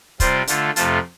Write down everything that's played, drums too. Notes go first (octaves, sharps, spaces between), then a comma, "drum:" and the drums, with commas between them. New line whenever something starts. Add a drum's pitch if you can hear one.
C3 G3 C4 F4 C5, drum: kick, hi-hat
D3 A3 F4, drum: hi-hat
F2 C3 A3 F4 A4, drum: hi-hat